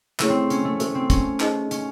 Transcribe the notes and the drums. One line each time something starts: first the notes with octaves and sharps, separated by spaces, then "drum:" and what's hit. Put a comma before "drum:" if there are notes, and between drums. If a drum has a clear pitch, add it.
A3 C#4 E4 G#4 C#5, drum: clap
C4
C#4, drum: hi-hat
A3
A3 F#4 A4 C5, drum: hi-hat
C4
C#4, drum: kick, hi-hat
D#4 G#4 C5 D#5, drum: clap
C#4, drum: hi-hat